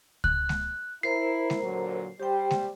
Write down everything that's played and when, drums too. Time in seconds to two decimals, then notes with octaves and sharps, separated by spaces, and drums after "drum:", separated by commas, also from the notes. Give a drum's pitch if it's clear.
0.24 F#6, drum: kick C#2
0.49 drum: snare G#3
1.03 E4 A#4 C5 A#5 C7
1.50 drum: snare G#3
1.62 A#2 D3 F#3
2.20 G3 G4 C5 G5
2.51 drum: snare G#3